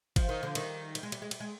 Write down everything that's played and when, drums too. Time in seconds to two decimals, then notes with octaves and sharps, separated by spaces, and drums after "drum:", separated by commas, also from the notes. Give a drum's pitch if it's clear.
0.16 F3, drum: kick G#1, cymbal
0.29 D#3
0.43 D3 F3
0.55 D#3 G3, drum: cymbal
0.95 G3, drum: cymbal
1.03 G#3
1.12 G3, drum: cymbal
1.22 G#3
1.31 G3, drum: cymbal
1.40 G#3